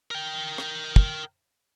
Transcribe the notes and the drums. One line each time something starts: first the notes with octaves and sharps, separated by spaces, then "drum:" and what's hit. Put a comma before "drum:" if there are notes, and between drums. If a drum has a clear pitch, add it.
A#4 G5
drum: rim click
drum: kick